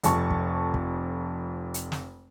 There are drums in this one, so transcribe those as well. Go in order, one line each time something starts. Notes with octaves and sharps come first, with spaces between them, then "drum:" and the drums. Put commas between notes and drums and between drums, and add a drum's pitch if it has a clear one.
F1 F2 A5 C#6, drum: hi-hat
drum: kick
drum: kick
drum: hi-hat
drum: snare